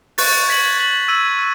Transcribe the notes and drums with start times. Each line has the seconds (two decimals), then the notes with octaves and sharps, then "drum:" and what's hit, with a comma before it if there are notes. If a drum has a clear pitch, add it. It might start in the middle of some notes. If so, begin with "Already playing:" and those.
0.18 C#6 F#6 A6, drum: open hi-hat
0.48 G#6 B6 F#7
0.78 G#6 B6 F#7
1.08 E6 G#6 D#7 F#7
1.39 E6